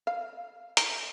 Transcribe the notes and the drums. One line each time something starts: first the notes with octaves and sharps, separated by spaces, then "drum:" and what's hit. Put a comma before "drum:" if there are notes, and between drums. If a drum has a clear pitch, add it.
F5
A#5, drum: hi-hat